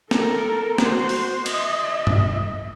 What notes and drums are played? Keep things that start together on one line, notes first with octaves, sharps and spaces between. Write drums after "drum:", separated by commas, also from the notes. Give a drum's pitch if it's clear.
A4 A#4, drum: snare
F#4 C5, drum: snare
drum: open hi-hat
D#5 E5, drum: cymbal
drum: tom G2